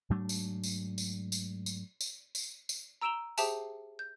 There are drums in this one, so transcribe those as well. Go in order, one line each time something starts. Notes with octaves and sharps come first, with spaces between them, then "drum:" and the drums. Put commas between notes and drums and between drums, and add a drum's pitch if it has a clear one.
G#2 F#3 A3 D4
drum: tambourine
drum: tambourine
drum: tambourine
drum: tambourine
drum: tambourine
drum: tambourine
drum: tambourine
drum: tambourine
A#5 E6 D7 E7 F7 G7
G4 G#4 C5 E5 G5 A5, drum: tambourine
G6